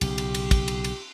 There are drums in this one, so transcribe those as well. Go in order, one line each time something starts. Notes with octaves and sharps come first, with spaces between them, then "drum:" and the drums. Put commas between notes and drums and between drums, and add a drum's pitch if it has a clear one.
B1 C#3 G4, drum: cymbal
drum: cymbal
drum: cymbal
drum: kick, cymbal
drum: cymbal
drum: cymbal